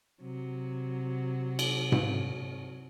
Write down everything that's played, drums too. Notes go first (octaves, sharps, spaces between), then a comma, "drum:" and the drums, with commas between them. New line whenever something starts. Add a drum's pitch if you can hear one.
C3 F#3
drum: cymbal
drum: tom G#2